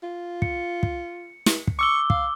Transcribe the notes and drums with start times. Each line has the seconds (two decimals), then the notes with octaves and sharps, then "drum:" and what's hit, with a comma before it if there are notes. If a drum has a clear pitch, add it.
0.03 F4
0.42 C#7, drum: kick
0.83 drum: kick
1.46 drum: snare
1.68 drum: kick
1.79 C#6 D6 E6 G7
2.10 F5, drum: kick